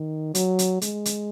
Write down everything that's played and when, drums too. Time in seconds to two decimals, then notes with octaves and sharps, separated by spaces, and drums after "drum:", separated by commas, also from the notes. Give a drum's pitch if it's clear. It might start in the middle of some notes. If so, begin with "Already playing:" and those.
Already playing: D#3
0.35 F#3, drum: hi-hat
0.59 drum: hi-hat
0.82 G#3, drum: hi-hat
1.05 drum: hi-hat